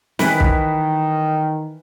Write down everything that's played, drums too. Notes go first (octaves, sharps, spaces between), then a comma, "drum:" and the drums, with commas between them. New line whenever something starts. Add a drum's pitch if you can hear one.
D#3 E3 B4, drum: snare
drum: kick